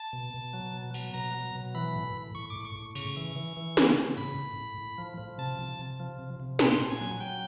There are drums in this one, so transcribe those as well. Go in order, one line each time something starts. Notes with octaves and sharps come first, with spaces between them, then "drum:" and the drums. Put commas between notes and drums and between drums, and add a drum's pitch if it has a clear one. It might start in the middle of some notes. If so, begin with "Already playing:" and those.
Already playing: A5
B2
B2
F#3
B2
F#3, drum: cymbal
B2 A#5
F#3
B2
E3 B5
A2
A2
A2 C#6
D6
A2
C#6
A2
C#3 C#6, drum: cymbal
E3
E3
E3
C#3, drum: snare
C#3
A2 B5
A2
A2
A2
F3
F3
C3 A5
C3
C3
F3
C3
C3
A#2 C6, drum: snare
A#2
G#5
F#3
F#3 G5